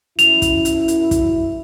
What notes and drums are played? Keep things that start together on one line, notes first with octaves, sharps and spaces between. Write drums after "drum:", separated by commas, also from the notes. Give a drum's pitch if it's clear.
F#2 E4 F7, drum: hi-hat
drum: kick, hi-hat
drum: hi-hat
drum: hi-hat
drum: kick, hi-hat